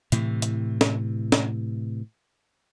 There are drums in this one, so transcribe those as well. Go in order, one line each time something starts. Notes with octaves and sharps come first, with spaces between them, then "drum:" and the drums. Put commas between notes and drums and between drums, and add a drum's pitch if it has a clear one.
A2 C3 E3, drum: hi-hat
drum: hi-hat
drum: snare
drum: snare